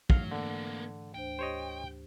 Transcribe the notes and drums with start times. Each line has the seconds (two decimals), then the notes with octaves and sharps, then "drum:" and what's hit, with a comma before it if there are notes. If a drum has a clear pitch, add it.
0.10 G#2 E3 F#3 A3 F5, drum: kick
0.31 D3 A#3 B3
1.14 D2 D4 C5 G5
1.39 G4 C5 C#5 D#5